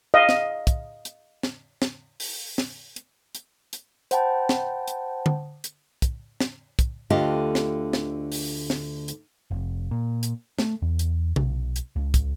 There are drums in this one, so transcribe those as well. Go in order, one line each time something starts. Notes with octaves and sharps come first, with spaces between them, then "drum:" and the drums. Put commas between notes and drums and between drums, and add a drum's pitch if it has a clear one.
D#5 F5
drum: snare
drum: kick, hi-hat
drum: hi-hat
drum: snare
drum: snare
drum: open hi-hat
drum: snare
drum: hi-hat
drum: hi-hat
drum: hi-hat
C5 F#5 G5 A5 B5, drum: hi-hat
drum: snare
drum: hi-hat
drum: tom D3
drum: hi-hat
drum: kick, hi-hat
drum: snare
drum: kick, hi-hat
D2 D3 F4 G4 D#5 A5
drum: snare
drum: snare
drum: open hi-hat
drum: snare
drum: hi-hat
F1
A#2
drum: hi-hat
A3, drum: snare
E2
drum: hi-hat
B1, drum: tom C3
drum: hi-hat
C#2
drum: kick, hi-hat